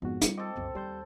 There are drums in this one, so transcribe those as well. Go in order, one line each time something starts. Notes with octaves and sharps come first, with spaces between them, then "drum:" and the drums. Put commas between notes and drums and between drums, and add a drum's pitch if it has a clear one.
F2 G#2 B3 F#4
G3 F4, drum: hi-hat
C4 A4 D#5 D6
C2 F#2
D#2 G3 C5 G6